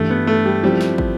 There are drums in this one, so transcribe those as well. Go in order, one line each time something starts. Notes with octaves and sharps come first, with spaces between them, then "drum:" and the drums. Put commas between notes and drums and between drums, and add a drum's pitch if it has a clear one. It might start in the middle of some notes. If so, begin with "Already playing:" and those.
Already playing: G2 E3 G3 A3
B3
A3
G3
F3 G3 C4 E4
drum: snare
drum: kick